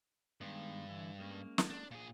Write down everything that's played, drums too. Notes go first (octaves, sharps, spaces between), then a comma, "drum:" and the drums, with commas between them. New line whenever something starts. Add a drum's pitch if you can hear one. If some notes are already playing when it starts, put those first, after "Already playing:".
G2 D#3 G#3 B3
D3 E3 E4
G#3 A#3 C#4
drum: snare
D4
A#2 G#4